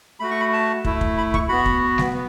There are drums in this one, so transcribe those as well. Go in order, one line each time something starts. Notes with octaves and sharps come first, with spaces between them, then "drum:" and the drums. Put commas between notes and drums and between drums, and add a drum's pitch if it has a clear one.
A3 F#4 B5
C#6
B5
A5
A3 E4, drum: kick
drum: kick
B5
C#6, drum: kick
B3 F#4 B5
drum: kick
drum: snare G3
B3